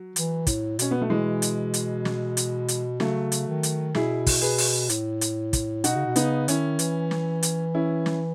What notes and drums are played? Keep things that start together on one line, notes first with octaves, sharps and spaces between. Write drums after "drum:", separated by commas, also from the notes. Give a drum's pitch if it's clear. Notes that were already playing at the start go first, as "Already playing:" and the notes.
Already playing: F#3
E3, drum: hi-hat
A2, drum: kick, hi-hat
B2 C#4, drum: hi-hat
B3
A3
E3 G#3
drum: hi-hat
drum: hi-hat
drum: snare
drum: hi-hat
drum: hi-hat
C#3 F#3 A3, drum: snare
drum: hi-hat
D#3
drum: hi-hat
B2 E4 G#4, drum: snare
drum: kick, open hi-hat
G#4 B4
drum: open hi-hat
A2, drum: hi-hat
drum: hi-hat
drum: kick, hi-hat
B2 D#4 F#4, drum: hi-hat
C#3
B2
C#3 B3 D#4, drum: hi-hat
D#3 C#4 E4, drum: hi-hat
E3, drum: hi-hat
drum: snare
drum: hi-hat
C#4 E4
drum: snare